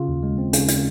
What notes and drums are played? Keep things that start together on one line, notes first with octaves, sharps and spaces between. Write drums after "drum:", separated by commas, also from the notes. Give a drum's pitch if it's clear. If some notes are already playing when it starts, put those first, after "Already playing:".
Already playing: C#3 F4
D#2
G#3
C4
C#3, drum: hi-hat
drum: hi-hat